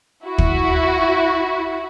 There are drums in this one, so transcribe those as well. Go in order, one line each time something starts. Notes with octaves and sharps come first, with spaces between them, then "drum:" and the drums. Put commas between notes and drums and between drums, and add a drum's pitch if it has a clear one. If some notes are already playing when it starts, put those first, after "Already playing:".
E4 F#4
drum: kick